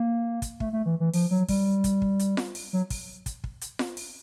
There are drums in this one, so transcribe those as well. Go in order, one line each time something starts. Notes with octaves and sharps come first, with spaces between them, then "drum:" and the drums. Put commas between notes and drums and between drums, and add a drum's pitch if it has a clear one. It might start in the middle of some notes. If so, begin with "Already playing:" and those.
Already playing: A#3
drum: kick, hi-hat
A3, drum: kick
A3
E3
E3
F3, drum: open hi-hat
F#3
G3, drum: kick, open hi-hat
drum: kick, hi-hat
drum: kick
drum: hi-hat
drum: snare F4
drum: open hi-hat
F#3
drum: kick, open hi-hat
drum: kick, hi-hat
drum: kick
drum: hi-hat
drum: snare F4
drum: open hi-hat